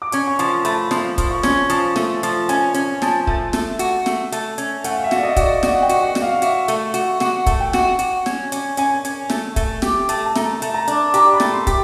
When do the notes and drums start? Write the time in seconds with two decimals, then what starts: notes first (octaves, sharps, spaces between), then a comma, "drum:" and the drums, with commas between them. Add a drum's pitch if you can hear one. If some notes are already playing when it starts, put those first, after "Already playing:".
0.02 D6
0.12 C#4 C#6, drum: hi-hat
0.27 C#6
0.39 F3 C6, drum: hi-hat
0.65 A3 B5, drum: hi-hat
0.91 F3 C6, drum: snare
1.18 F3, drum: kick, hi-hat
1.31 C#6
1.43 C#4, drum: snare
1.70 F3 C#6, drum: hi-hat
1.96 A3, drum: snare
2.23 F3, drum: hi-hat
2.49 C#4 G#5, drum: hi-hat
2.74 C#4, drum: hi-hat
3.02 F3, drum: snare
3.27 A3, drum: kick
3.53 A3, drum: snare
3.79 F#4, drum: hi-hat
4.06 A3, drum: snare
4.32 A3, drum: hi-hat
4.58 C#4, drum: hi-hat
4.84 A3 F#5, drum: hi-hat
4.98 F5
5.04 E5
5.11 F#4, drum: snare
5.18 D5
5.23 D#5
5.36 F#4, drum: kick, hi-hat
5.43 D5
5.63 F#4 D#5, drum: snare
5.74 F#5
5.83 G5
5.89 F#4, drum: hi-hat
6.02 F#5
6.15 F#4, drum: snare
6.22 F5
6.42 F#4 E5, drum: hi-hat
6.68 A3, drum: hi-hat
6.94 F#4, drum: hi-hat
7.20 F#4 F#5, drum: snare
7.46 A3, drum: kick, hi-hat
7.60 G5
7.73 F#4, drum: snare
7.99 F#4, drum: hi-hat
8.26 C#4, drum: snare
8.52 C#4, drum: hi-hat
8.77 C#4 G#5, drum: hi-hat
9.05 C#4, drum: hi-hat
9.30 A3, drum: snare
9.56 A3, drum: kick, hi-hat
9.82 G4, drum: snare
10.09 A3, drum: hi-hat
10.26 A5
10.36 A3 A#5, drum: snare
10.62 A3, drum: hi-hat
10.74 A#5
10.88 D4, drum: hi-hat
11.14 G4 A#5, drum: hi-hat
11.34 B5
11.40 A3, drum: snare
11.53 C6
11.67 G4, drum: kick, hi-hat